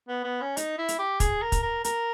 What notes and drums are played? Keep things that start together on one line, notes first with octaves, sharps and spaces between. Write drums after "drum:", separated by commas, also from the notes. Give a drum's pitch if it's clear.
B3
B3
C#4
D#4, drum: hi-hat
E4
drum: hi-hat
G4
G#4, drum: kick, hi-hat
A#4
drum: kick, hi-hat
A#4
A#4, drum: hi-hat